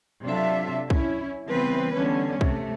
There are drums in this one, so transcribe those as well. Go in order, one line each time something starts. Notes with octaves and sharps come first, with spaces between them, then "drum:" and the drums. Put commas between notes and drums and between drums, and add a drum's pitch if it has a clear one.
C3 F#3 D4 F4 A4 E5
C#4 E4, drum: kick
C#3 E3 G3 B3 C4 B4
D3 G3 B3 C#4
C3 A3, drum: kick